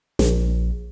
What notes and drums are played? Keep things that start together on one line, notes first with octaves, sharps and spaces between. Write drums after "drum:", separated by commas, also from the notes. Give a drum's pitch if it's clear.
A#1, drum: snare